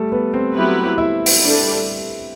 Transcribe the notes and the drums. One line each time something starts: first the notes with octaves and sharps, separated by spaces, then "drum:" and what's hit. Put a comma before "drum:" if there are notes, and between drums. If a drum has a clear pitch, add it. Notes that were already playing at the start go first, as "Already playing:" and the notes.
Already playing: G3 A3 G4 A4
B3 B4
C4 C5
F#3 B3 E4 G4 B4
E4 E5
drum: open hi-hat
G3 D4 A4